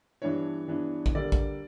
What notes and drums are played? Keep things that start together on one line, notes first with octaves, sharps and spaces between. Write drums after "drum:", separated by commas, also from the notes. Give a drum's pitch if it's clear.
G2 E3 B3 D4 C#5
G2 E3 B3 D4
drum: kick
D3 G3 A#3 D5
drum: kick